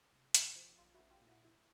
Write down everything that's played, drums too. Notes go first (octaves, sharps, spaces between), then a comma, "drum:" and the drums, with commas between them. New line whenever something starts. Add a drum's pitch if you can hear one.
C2
C2, drum: hi-hat
F3
A#1 F4
E4 F#4
A#1
F4 G4
A#2
E4 F#4
C2 E4